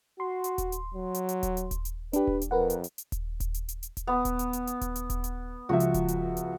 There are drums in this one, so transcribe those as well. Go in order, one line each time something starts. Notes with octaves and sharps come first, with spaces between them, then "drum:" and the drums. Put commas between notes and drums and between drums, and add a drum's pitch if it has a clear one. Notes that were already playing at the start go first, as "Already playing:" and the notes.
F#4 C6
drum: hi-hat
drum: kick D#1, hi-hat
drum: hi-hat
F#3
drum: hi-hat
drum: hi-hat
drum: kick D#1, hi-hat
drum: hi-hat
drum: kick D#1, hi-hat
drum: hi-hat
D4 G4 B4, drum: hi-hat
drum: kick D#1
drum: hi-hat
F2 A#4 B4 F#5
drum: hi-hat
drum: hi-hat
drum: hi-hat
drum: kick D#1, hi-hat
drum: kick D#1, hi-hat
drum: hi-hat
drum: hi-hat
drum: hi-hat
drum: kick D#1, hi-hat
B3
drum: kick D#1, hi-hat
drum: hi-hat
drum: hi-hat
drum: hi-hat
drum: kick D#1, hi-hat
drum: hi-hat
drum: kick D#1, hi-hat
drum: hi-hat
C#2 F3 F#4 E5
drum: hi-hat
drum: kick D#1, hi-hat
drum: hi-hat
drum: hi-hat